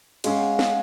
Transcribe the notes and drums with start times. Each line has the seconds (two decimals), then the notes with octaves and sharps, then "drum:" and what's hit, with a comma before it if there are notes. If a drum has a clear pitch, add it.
0.24 G#3 C#4 G#4 F5, drum: cymbal
0.35 F#5
0.48 F5
0.59 drum: snare